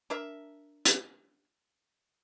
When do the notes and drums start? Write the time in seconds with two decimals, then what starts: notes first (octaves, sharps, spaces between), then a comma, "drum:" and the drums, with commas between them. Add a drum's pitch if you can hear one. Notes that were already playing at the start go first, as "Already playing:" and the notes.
0.10 D4 A#4 E5
0.85 drum: hi-hat